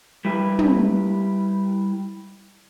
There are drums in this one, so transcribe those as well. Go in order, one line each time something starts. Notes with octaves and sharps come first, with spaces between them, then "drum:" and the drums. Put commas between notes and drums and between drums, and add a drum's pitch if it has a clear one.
G3 E4 G4 B4
drum: tom